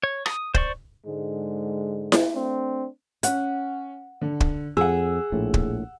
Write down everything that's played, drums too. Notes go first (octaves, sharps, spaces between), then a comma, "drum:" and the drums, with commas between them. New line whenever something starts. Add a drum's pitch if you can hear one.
C#5
D#6, drum: rim click
C5 D5 C#6, drum: kick
G#2 D3 G#3
drum: snare E4
A3 C4 D4
C#4 F#5, drum: hi-hat
D3
drum: kick
F2 G#4 F#5 E6
A#1 A2
drum: kick